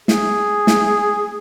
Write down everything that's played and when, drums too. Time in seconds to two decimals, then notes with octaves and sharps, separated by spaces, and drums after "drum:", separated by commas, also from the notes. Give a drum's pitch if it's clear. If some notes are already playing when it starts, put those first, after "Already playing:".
0.08 G#4, drum: snare
0.67 drum: snare